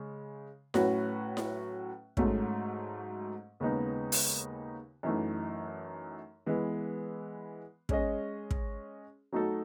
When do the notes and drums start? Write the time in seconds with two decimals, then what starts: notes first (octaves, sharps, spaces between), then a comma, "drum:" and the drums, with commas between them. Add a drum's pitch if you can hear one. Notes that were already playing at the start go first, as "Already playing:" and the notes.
Already playing: C#3 G#3
0.74 A2 F#3 C#4 F#4 B4, drum: snare E4
1.37 drum: snare E4
2.17 G#2 F#3 A3 C#4, drum: kick
3.60 D#2 C#3 G#3 B3 D#4
4.12 drum: open hi-hat
5.03 F#2 E3 A3 D#4
6.46 E3 G#3 B3
7.89 G#3 C#4 G#4 D#5, drum: kick
8.51 drum: kick
9.32 F#3 A3 D#4 F#4 A4